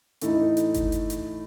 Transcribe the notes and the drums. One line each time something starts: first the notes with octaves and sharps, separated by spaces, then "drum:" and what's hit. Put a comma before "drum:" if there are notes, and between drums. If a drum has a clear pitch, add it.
A2 E3 A3 D#4, drum: hi-hat
drum: hi-hat
drum: kick G1, hi-hat
drum: hi-hat
drum: hi-hat